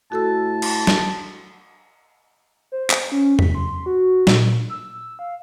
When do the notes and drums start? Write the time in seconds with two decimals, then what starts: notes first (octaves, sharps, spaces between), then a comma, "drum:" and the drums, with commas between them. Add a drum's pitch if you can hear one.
0.12 A2 F#4 A4 A5 E6
0.62 drum: cymbal
0.87 drum: snare
2.72 C5
2.90 drum: clap
3.12 C#4
3.39 B6, drum: tom E2
3.55 C6
3.86 F#4
4.27 A#2, drum: snare
4.70 E6
4.93 E6
5.19 F5